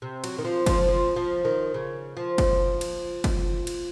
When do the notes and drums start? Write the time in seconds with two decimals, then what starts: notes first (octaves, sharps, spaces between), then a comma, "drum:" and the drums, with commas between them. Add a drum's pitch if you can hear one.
0.02 C3
0.24 F#3, drum: cymbal
0.39 D#3
0.45 F3
0.66 F3, drum: kick F#1, cymbal
0.88 F3
1.16 F3
1.45 D#3
1.74 C#3
2.17 F3
2.38 drum: kick F#1, cymbal
2.81 drum: cymbal
3.24 drum: kick F#1, cymbal
3.67 drum: cymbal